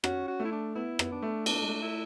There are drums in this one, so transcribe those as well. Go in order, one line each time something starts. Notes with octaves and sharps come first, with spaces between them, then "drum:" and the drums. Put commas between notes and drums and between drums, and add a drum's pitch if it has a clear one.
C#4 F#4, drum: rim click
F#4
A3
E4
D4
B3 E4
B3, drum: rim click
D4
A3
B3 D4, drum: cymbal
A3
G#3
A3
E4